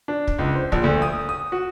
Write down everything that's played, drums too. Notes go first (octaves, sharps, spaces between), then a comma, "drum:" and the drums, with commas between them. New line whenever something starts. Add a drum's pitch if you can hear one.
D4
drum: kick
C#2
C5
A#1, drum: kick
D2
D#6
D#6
F#4